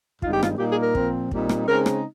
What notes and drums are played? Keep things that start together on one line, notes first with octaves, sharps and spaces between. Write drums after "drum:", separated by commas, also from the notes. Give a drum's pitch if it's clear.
G2 D#3 G#3 C4 D#4 F4, drum: kick
G4
F4, drum: rim click
A#2 G3 A#3 D#4 G4
G#4
A#4
A#2 F3 C4, drum: kick
A#2 G3 C4 D#4, drum: kick
drum: rim click
C#3 G#3 C4 D#4 A#4
drum: rim click